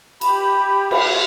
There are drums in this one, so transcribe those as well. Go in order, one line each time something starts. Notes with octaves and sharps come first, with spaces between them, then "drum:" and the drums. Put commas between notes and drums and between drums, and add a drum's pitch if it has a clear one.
G4 B5, drum: cymbal
drum: cymbal